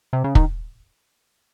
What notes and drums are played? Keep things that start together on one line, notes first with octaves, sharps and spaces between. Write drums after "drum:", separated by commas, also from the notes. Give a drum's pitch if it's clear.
C3
C#3
D#3, drum: kick